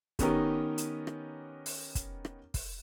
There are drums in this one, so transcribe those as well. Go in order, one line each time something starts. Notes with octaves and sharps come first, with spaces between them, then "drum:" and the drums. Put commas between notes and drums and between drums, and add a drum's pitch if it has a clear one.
D#3 B3 C#4 D#4 G4 A#4, drum: kick, hi-hat
drum: hi-hat
drum: rim click
drum: open hi-hat
drum: kick, hi-hat
drum: rim click
drum: kick, open hi-hat